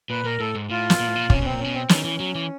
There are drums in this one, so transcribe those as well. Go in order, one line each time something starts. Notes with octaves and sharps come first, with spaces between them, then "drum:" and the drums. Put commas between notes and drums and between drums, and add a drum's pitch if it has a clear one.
A#2 B4
A#2 A#4
A2 A4
G#2
A2 F4
drum: snare
A#2
A2
A#2
C3 C#4, drum: kick
B2 C4
A#2
C#4
B2
C4
D#3 C#4, drum: snare
E3
F#3
E3